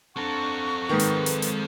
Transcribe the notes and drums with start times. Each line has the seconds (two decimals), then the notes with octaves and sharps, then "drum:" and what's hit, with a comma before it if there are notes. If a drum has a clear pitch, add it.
0.17 C4 D4 A4 F#5 A#5 C#6
0.89 G#2 D#3 B4
1.00 drum: hi-hat
1.26 drum: hi-hat
1.42 drum: hi-hat